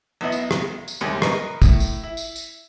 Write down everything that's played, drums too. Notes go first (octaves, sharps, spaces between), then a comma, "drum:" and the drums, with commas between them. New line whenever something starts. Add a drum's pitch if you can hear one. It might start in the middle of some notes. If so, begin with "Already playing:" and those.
B1 B3 E4 D#5
drum: tambourine
drum: rim click
drum: tambourine
D#2 C3 D#3 G3 G#3
A#4 B4 D#5 C#6, drum: rim click
A2, drum: kick, tambourine
drum: tambourine
E4
drum: tambourine
drum: tambourine